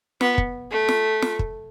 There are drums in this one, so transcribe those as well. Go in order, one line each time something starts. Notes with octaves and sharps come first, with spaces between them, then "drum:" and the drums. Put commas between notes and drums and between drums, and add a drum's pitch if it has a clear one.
B3, drum: snare
drum: kick
A3
drum: snare
drum: snare
drum: kick